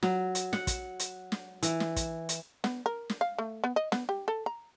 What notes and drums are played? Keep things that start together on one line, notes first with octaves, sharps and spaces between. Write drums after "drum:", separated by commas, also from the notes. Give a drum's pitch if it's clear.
F#3, drum: snare
drum: hi-hat
F#5, drum: snare
drum: kick, hi-hat
drum: hi-hat
drum: snare
E3, drum: hi-hat
drum: snare
drum: kick, hi-hat
drum: hi-hat
B3, drum: snare
A#4
drum: snare
F5
A3
B3
D#5
B3, drum: snare
G4
A4
A#5